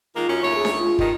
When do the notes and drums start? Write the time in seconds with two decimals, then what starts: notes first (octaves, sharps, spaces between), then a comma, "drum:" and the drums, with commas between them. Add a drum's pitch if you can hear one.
0.16 D#3 G#3 A#3 F4
0.28 F#2 C#4
0.43 D#2 A3 C#5
0.55 G#4
0.65 drum: snare D4
0.78 F4
0.99 G2 D#3, drum: kick